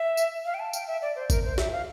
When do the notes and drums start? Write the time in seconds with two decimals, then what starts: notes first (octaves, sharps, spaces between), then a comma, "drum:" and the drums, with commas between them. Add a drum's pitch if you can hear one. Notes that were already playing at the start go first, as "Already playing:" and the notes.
Already playing: E5
0.17 drum: tambourine
0.45 F5
0.54 G5
0.60 A5
0.73 G5, drum: tambourine
0.88 E5
1.02 D5
1.16 C5
1.30 A#4, drum: kick G#1, tambourine
1.44 C5
1.58 E5, drum: snare
1.72 F5